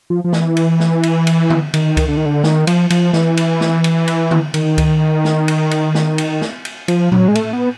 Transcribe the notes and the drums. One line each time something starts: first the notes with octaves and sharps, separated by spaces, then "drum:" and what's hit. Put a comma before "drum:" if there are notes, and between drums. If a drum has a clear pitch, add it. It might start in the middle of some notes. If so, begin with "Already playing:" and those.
F3
F3
E3, drum: snare
drum: cymbal
drum: snare
drum: cymbal
drum: cymbal
drum: tom D3
D#3, drum: cymbal
drum: kick C#2, cymbal
D3
D#3
D3
D#3, drum: snare
F3, drum: cymbal
F3, drum: cymbal
E3, drum: snare
drum: cymbal
drum: snare
drum: cymbal
drum: cymbal
drum: tom D3
D#3, drum: cymbal
drum: kick C#2, cymbal
drum: snare
drum: cymbal
drum: cymbal
drum: snare
drum: cymbal
drum: snare
drum: cymbal
F3, drum: cymbal
F#3, drum: tom A2
G#3
A3, drum: cymbal
B3